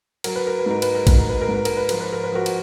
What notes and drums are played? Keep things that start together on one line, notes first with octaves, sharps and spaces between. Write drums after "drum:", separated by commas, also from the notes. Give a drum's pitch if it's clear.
F#3 A#4, drum: cymbal
B4
A#4
B4
G#2 A#4
B4, drum: cymbal
A#4
G#2 B4, drum: kick, cymbal
A#4
B4
A#4
G#2
B4
A#4, drum: cymbal
B4
F3 A#4, drum: cymbal
B4
A#4
B4
F3 F#4 A#4
drum: cymbal